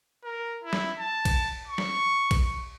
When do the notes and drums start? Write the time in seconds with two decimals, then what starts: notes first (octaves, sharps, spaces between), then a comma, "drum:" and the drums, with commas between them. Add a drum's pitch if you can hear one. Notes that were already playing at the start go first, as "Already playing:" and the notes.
0.24 A#4
0.64 E4
0.73 drum: snare
0.99 A5
1.25 drum: kick A#1, cymbal
1.68 C#6
1.78 drum: snare
2.31 drum: kick A#1, cymbal